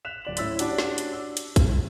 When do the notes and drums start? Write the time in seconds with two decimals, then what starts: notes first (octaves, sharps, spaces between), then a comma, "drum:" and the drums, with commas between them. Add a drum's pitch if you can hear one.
0.05 F#6 B6 E7 F7
0.25 D1 D5 F#7
0.37 A2 C#4 E4 E6 A6 B6, drum: hi-hat
0.59 C#4 D4 F#4 G4 D5 A5, drum: hi-hat
0.78 drum: snare
0.98 drum: hi-hat
1.12 E6
1.37 drum: hi-hat
1.56 drum: kick, hi-hat